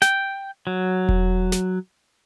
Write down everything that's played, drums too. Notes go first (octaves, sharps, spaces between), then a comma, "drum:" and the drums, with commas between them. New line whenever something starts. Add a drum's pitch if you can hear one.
G5, drum: snare
F#3
drum: kick E1
drum: snare